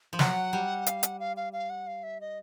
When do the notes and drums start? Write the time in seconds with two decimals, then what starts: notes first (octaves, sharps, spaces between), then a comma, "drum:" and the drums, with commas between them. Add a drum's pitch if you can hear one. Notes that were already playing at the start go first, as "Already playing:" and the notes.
0.13 F3
0.19 F#3 F#5, drum: snare
0.53 G3
0.86 F5, drum: hi-hat
1.03 F#5, drum: hi-hat
1.20 F5
1.37 F5
1.53 F5
1.70 F#5
1.87 F5
2.03 E5
2.21 D#5